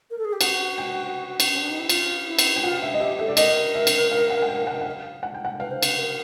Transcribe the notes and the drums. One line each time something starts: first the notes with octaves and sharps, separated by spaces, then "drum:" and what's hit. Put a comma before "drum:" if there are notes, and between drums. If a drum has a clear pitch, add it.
A#4
A4
G#4
G4
F#4 F#5, drum: cymbal
G5
drum: cymbal
C#4
D4
D#4
E4
F4, drum: cymbal
E4
drum: cymbal
G5
F4 F#5
E5
D#5
G4 E5
A4 E5
D5
A#4 D#5, drum: cymbal
E5
drum: cymbal
F5
F#5
F#5
G5
F5
F#5
F#5
F5
F#5
G5
F#5
B4 F5
C5
B4, drum: cymbal
A#4